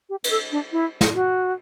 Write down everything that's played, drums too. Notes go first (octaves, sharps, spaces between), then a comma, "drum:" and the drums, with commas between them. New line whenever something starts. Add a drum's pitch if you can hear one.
G4
B4, drum: cymbal
A4
D4
E4
drum: snare
F#4